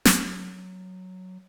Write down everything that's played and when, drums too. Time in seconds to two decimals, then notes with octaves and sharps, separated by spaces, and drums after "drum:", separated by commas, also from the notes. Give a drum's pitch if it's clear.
0.05 F#3, drum: snare